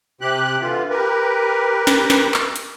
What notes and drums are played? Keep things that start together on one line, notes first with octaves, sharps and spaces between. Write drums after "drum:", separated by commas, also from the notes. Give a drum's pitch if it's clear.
C3 G4 F#6
D3 E3 F4
G4 A#4 B4
drum: snare
drum: snare
drum: clap
drum: hi-hat